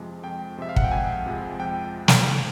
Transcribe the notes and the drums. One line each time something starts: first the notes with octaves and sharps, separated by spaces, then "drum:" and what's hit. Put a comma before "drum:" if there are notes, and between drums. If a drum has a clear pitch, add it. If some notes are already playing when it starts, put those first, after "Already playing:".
Already playing: F2 C3 F3 G#3
F2 G5
C3 F3 G#3 E5
F5
F#5, drum: kick
G5
F2 G#5
C3 F3 G#3
F2 G5
drum: snare